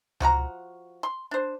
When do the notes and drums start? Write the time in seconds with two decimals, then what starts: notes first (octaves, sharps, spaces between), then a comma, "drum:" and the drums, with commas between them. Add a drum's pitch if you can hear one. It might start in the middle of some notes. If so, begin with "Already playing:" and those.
0.20 F3 F#4 B4 A#5, drum: tom C#2
1.03 C6
1.31 D4 C5